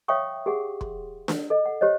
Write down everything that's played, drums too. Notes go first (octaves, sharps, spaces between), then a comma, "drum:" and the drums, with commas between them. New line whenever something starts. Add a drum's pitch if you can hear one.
C#5 E5 F5 G5 C#6 D#6
G4 G#4 F#5
C6, drum: kick
drum: snare D4
A4 D#5
F#5
G4 C5 C#5 D#5